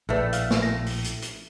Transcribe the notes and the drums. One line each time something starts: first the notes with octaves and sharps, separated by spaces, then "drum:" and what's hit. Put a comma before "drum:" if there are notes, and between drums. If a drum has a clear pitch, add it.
A#1 A2 A3 G#4 B4 D5
F5 F6, drum: hi-hat
drum: snare
A#6
drum: open hi-hat
drum: hi-hat
drum: hi-hat